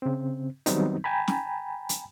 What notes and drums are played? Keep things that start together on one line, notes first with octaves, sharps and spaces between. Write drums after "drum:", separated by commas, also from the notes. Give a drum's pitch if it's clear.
C#3 C4
D#3 F#3 G3 B3 C4 D#4, drum: hi-hat
G5 G#5 A#5 B5
drum: snare
drum: hi-hat